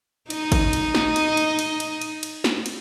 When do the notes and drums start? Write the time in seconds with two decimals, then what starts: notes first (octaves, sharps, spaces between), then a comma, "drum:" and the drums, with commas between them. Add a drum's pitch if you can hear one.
0.30 D#4 D#5, drum: cymbal
0.52 drum: kick, cymbal
0.73 drum: cymbal
0.94 drum: snare
1.16 drum: cymbal
1.37 drum: cymbal
1.59 drum: cymbal
1.80 drum: cymbal
2.01 drum: cymbal
2.23 drum: cymbal
2.44 drum: snare
2.66 drum: cymbal